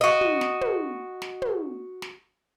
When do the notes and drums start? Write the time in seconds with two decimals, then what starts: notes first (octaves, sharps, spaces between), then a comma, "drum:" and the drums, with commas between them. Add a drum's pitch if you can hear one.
0.01 F#4 D#5
0.21 drum: tom
0.41 drum: snare
0.61 drum: tom
1.22 drum: snare
1.42 drum: tom
2.02 drum: snare